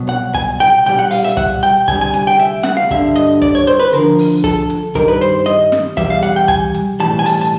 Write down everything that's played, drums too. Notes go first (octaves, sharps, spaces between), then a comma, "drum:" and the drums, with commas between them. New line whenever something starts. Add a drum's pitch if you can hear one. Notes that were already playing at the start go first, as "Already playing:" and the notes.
Already playing: C2 B2 F#3
F#5
G#5, drum: kick, hi-hat
G5, drum: hi-hat
B1 A#2 G3 G5, drum: hi-hat
F#5
F5, drum: open hi-hat
E5
F#5, drum: kick, hi-hat
G5, drum: hi-hat
D2 C3 G3 G#5, drum: kick, hi-hat
G#5
G#5, drum: hi-hat
G5
E5, drum: hi-hat
F#5, drum: snare
F5
G2 D3 G3 E5, drum: kick, hi-hat
D#5, drum: hi-hat
D5, drum: kick, hi-hat
C#5
C5, drum: hi-hat
B4
D2 D3 F3 A#4, drum: hi-hat
drum: open hi-hat
A4, drum: kick, hi-hat
drum: hi-hat
G2 D#3 G3 A#4, drum: kick, hi-hat
B4
C5, drum: hi-hat
D#5, drum: hi-hat
drum: snare
E2 B2 G3 E5, drum: kick, hi-hat
F5
F#5, drum: hi-hat
G5
G#5, drum: kick, hi-hat
drum: hi-hat
B1 A2 E3 G3 A5, drum: hi-hat
G#5
A5, drum: open hi-hat
A5